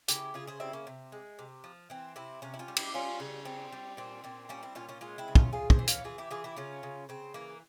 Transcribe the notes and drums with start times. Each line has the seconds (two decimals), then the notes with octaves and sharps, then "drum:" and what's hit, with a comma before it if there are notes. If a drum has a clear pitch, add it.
0.08 C#3 E4 G4, drum: hi-hat
0.34 C#3 F4 G#4
0.47 G#4 C5
0.60 G3 C4 E4
0.73 A#3 C#4
0.87 C3
1.12 G#3
1.39 C3
1.64 F3
1.90 E3 C4
2.16 C3 C4 E4
2.42 C3 C#4 F4
2.54 E4
2.59 C#4 F4
2.68 G3
2.76 E4 G4, drum: cymbal
2.94 G3 C#4 F4
3.20 C#3
3.45 G3 C4
3.72 G3
3.97 A#2 C4
4.24 A#2 C4
4.49 G3 A#3 C#4
4.63 C4 E4
4.75 A#2 C#4 F4
4.89 C#4 F4
5.01 G#3 C#4 F4
5.18 C4 E4
5.28 C#3
5.35 C#4 F4, drum: kick
5.53 C#3 F4 G#4
5.70 G#4 C5, drum: kick
5.79 E3
5.87 C#5 F5, drum: hi-hat
6.04 E3 F4 G#4
6.18 E4 G4
6.31 E3 F4 G#4
6.44 E4 G4
6.56 C#3 C#4 F4
6.83 C#3
7.09 C#3 C4
7.34 E3 A#3